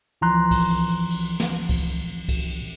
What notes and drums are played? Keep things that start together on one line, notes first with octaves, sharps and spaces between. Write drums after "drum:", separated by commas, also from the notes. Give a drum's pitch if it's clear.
C#2 E3 F3 A#5 C6 F#6
drum: kick C2, cymbal
drum: cymbal
drum: snare
drum: kick C2, cymbal
drum: kick C2, cymbal